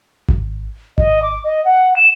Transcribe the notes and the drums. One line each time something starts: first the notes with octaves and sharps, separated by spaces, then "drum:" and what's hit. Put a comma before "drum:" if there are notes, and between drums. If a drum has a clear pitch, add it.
drum: kick G#1
D#5, drum: kick G#1
D6
D#5
F#5
E7